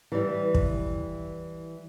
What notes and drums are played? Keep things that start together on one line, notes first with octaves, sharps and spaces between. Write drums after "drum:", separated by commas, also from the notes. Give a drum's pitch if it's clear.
E3 G3
drum: kick